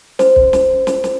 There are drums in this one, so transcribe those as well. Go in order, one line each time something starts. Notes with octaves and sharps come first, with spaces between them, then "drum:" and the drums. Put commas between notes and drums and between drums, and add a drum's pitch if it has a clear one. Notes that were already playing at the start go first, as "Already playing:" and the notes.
C5, drum: snare
drum: kick
drum: snare
drum: snare
drum: snare